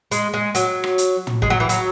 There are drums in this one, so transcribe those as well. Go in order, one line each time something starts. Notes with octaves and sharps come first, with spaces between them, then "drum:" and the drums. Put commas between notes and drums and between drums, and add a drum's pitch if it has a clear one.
G#3, drum: hi-hat
G#3
F#3, drum: hi-hat
drum: rim click
drum: hi-hat
drum: tom
G#3, drum: kick
F#3
E3
F#3, drum: hi-hat